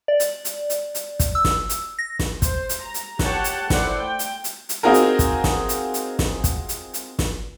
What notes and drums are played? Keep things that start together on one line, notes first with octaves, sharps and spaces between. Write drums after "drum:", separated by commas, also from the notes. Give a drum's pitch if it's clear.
D5
drum: hi-hat
drum: hi-hat
drum: hi-hat
drum: hi-hat
drum: kick, hi-hat
E6
drum: snare
drum: hi-hat
A#6
drum: snare
C5, drum: kick, hi-hat
drum: hi-hat
A#5
drum: hi-hat
G4 C#5 F#5 G5 A5, drum: snare
drum: hi-hat
A3 E4 C5 D5 F#5, drum: snare
G5
drum: hi-hat
drum: hi-hat
drum: hi-hat
C4 D#4 F4 F#4 G#4 A#4
drum: hi-hat
drum: kick, hi-hat
drum: snare
drum: hi-hat
drum: hi-hat
drum: snare
drum: kick, hi-hat
drum: hi-hat
drum: hi-hat
drum: snare